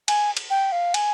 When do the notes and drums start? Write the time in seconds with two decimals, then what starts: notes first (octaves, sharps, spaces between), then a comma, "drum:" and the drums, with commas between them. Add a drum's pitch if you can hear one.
0.08 G#5, drum: cymbal
0.37 drum: cymbal
0.50 G5
0.72 F5
0.94 G#5, drum: cymbal